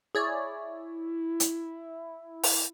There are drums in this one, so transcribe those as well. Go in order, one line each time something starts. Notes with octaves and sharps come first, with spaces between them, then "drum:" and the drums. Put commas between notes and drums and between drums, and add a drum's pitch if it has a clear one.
E4 G#4 C#5 D5
drum: hi-hat
drum: open hi-hat